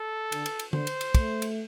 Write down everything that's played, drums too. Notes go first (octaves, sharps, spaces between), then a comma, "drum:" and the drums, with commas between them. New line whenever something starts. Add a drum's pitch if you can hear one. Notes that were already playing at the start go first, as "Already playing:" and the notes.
Already playing: A4
D3, drum: cymbal
drum: cymbal
drum: cymbal
D3 C5, drum: tom D3
drum: cymbal
drum: cymbal
A3, drum: kick, cymbal
drum: cymbal